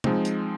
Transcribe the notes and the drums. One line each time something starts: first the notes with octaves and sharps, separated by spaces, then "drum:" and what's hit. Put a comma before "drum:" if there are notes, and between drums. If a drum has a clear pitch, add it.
F3 G#3 C4 D#4, drum: tom
drum: hi-hat